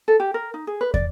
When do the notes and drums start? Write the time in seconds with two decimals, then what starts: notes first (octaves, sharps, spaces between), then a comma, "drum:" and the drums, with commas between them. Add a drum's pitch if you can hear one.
0.08 A4
0.20 G4
0.34 A#4
0.54 D#4
0.67 G#4
0.81 B4
0.94 D5, drum: kick